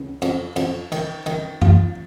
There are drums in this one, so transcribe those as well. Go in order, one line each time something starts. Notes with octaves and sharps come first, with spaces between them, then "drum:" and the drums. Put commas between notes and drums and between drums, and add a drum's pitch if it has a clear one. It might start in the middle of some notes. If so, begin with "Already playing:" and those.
Already playing: C#2
F2, drum: cymbal
F2, drum: cymbal
D#3, drum: cymbal
D#3, drum: cymbal
F4, drum: tom F#2